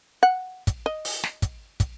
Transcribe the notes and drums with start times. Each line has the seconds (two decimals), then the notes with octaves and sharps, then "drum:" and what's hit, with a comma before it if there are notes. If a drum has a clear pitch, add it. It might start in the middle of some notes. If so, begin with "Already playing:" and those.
0.23 F#5
0.67 drum: kick, hi-hat
0.86 D#5
1.05 drum: open hi-hat
1.23 drum: snare
1.42 drum: kick, hi-hat
1.80 drum: kick, hi-hat